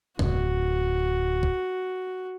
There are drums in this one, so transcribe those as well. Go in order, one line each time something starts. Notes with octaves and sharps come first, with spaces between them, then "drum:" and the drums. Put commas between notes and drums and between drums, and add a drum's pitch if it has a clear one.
D1 F#4, drum: tom
drum: kick